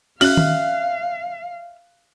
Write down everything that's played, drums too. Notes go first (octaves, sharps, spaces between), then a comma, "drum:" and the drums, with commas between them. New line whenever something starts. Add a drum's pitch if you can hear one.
C#4 F#4 E5 F5 F6 F#6 F#7, drum: open hi-hat
drum: tom D#3